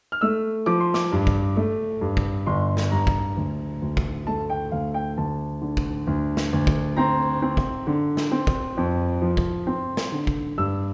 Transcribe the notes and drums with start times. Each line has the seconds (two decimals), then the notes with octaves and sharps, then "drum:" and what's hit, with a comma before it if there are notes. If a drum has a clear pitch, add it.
0.12 F6
0.21 A3 E6
0.66 F3 D6
0.80 C6
0.94 D6, drum: snare
1.12 G2
1.27 drum: kick
1.57 A3
2.01 G2
2.17 drum: kick
2.46 G1 C6
2.77 drum: snare
2.91 G2 A#5
3.07 drum: kick
3.37 D2
3.82 D2
3.97 drum: kick
4.27 A3 A5
4.50 G5
4.72 D2 F5
4.94 G5
5.17 D2 A5
5.61 D3
5.77 drum: kick
6.07 D2
6.37 drum: snare
6.53 D2
6.67 drum: kick
6.97 C4 A#5
7.42 C4
7.57 drum: kick
7.87 D3
8.17 drum: snare
8.32 C4
8.47 drum: kick
8.77 F2
9.22 F3
9.37 drum: kick
9.67 C4
9.97 drum: snare
10.12 D3
10.27 drum: kick
10.58 G2 E6